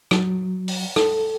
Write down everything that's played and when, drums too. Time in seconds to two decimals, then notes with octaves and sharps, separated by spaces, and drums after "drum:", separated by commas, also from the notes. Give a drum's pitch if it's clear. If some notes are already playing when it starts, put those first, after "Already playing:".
0.11 F#3, drum: rim click
0.68 drum: open hi-hat
0.96 A4, drum: rim click